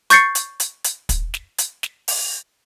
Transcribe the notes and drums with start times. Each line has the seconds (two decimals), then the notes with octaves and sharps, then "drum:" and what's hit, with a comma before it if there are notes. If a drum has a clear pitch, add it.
0.10 C#6 G6 A6 C7 C#7, drum: hi-hat
0.35 drum: hi-hat
0.60 drum: hi-hat
0.84 drum: hi-hat
1.09 drum: kick, hi-hat
1.34 drum: snare
1.58 drum: hi-hat
1.83 drum: snare
2.08 drum: open hi-hat